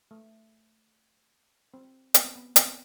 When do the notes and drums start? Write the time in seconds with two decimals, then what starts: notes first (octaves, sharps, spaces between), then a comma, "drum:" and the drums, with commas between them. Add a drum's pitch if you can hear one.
0.11 A3
1.74 C4
2.14 B3, drum: hi-hat
2.25 C4
2.35 B3
2.56 B3, drum: hi-hat
2.65 C4